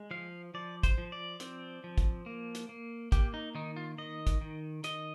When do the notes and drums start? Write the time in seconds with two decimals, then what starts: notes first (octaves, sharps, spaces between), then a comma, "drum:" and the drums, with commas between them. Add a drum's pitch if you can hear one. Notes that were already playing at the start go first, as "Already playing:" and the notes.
Already playing: G#3
0.11 F3 F5
0.54 F3 D5
0.83 C5, drum: kick, hi-hat
0.98 F3
1.12 D5
1.40 C4, drum: hi-hat
1.84 F3
1.98 drum: kick, hi-hat
2.26 A#3
2.55 drum: hi-hat
2.69 A#3
3.12 A#3 G4, drum: kick, hi-hat
3.34 D#4
3.55 D#3 D#4
3.76 F4
3.98 D#3 D#5
4.27 drum: kick, hi-hat
4.41 D#3
4.84 D#3 D#5, drum: hi-hat